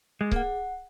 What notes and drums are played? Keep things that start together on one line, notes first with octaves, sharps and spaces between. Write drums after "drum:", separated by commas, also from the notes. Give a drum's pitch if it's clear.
G#3 G#4
A#3, drum: kick C#1
F#5